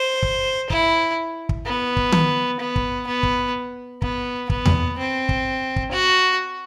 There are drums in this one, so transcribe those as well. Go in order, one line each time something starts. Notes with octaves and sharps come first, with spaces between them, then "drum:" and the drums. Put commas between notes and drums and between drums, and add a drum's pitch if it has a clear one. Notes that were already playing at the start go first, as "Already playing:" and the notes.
Already playing: C5
drum: kick
E4, drum: kick
drum: kick
B3
drum: kick
drum: tom D#3
B3
drum: kick
B3
drum: kick
B3, drum: kick
B3, drum: kick
drum: tom E2
C4
drum: kick
drum: kick
F#4